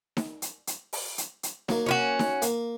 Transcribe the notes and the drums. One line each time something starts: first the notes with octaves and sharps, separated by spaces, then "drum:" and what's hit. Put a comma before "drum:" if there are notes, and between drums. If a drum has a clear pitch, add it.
drum: snare D#4
drum: hi-hat
drum: hi-hat
drum: open hi-hat
drum: hi-hat
drum: hi-hat
F#3 A#3, drum: snare D#4
C#4 F4 F#4
drum: snare D#4
A#3, drum: hi-hat